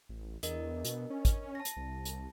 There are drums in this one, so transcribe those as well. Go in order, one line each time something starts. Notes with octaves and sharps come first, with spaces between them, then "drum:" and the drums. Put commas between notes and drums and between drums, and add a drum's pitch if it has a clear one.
A1
E2 D4 A#4 D#5, drum: hi-hat
B2, drum: hi-hat
C#4
drum: kick, hi-hat
A5 A#6
drum: hi-hat
C2
drum: hi-hat